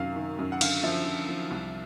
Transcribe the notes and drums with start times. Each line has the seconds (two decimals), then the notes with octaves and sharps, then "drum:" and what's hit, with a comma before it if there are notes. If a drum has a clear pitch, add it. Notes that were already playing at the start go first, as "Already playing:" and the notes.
Already playing: F#2 C3 D#3 F5
0.16 D#3
0.39 F#2
0.52 F#5
0.61 D3 F5, drum: cymbal
0.83 F3 E5
1.05 F3
1.28 F3
1.51 C2